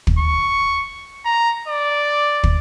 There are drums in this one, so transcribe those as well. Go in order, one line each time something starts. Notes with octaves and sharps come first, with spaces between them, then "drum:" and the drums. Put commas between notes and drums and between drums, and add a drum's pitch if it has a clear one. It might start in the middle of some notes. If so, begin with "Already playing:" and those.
drum: kick
C#6
A#5
D5
drum: kick